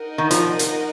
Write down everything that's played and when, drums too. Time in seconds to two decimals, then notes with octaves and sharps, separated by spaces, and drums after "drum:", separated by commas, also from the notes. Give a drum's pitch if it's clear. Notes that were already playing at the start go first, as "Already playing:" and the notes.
Already playing: D#4 A#4 D#5 F#5
0.18 D#3
0.31 F3, drum: hi-hat
0.59 drum: hi-hat